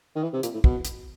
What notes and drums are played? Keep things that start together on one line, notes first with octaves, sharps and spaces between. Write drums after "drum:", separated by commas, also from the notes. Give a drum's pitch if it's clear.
D#3
E3
C3
A#2, drum: hi-hat
A2
B2, drum: kick
drum: hi-hat